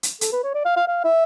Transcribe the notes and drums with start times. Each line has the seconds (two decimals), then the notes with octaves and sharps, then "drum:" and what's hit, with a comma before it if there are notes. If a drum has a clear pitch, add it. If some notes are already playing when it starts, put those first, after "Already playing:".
0.03 drum: hi-hat
0.21 A4, drum: hi-hat
0.32 B4
0.44 C#5
0.54 D5
0.65 F5
0.76 F5
0.87 F5
1.04 E5